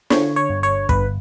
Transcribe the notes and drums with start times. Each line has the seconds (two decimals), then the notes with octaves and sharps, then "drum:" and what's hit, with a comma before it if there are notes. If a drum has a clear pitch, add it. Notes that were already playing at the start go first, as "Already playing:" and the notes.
0.10 D3 C#5, drum: snare
0.36 C#5
0.50 G1
0.63 C#5
0.89 G1 B4, drum: kick